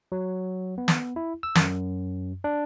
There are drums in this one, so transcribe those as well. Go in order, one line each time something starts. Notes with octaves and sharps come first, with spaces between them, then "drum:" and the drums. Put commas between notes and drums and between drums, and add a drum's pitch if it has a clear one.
F#3
B3
drum: snare
E4
E6
F#2, drum: snare
D4